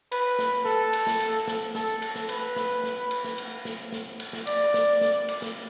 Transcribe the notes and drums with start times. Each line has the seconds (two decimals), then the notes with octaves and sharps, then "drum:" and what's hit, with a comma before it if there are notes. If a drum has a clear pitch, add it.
0.12 B4, drum: cymbal
0.39 drum: snare
0.65 A4, drum: snare
0.93 drum: cymbal
1.07 drum: snare
1.20 drum: cymbal
1.48 drum: snare
1.75 A4, drum: snare
2.02 drum: cymbal
2.16 drum: snare
2.29 B4, drum: cymbal
2.56 drum: snare
2.84 drum: snare
3.11 drum: cymbal
3.24 drum: snare
3.38 drum: cymbal
3.65 drum: snare
3.92 drum: snare
4.20 drum: cymbal
4.33 drum: snare
4.47 D5, drum: cymbal
4.74 drum: snare
5.01 drum: snare
5.29 drum: cymbal
5.42 drum: snare